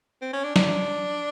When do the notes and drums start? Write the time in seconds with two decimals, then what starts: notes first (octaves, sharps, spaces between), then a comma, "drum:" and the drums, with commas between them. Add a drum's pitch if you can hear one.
0.22 C4
0.33 C#4
0.44 D4
0.56 D4, drum: snare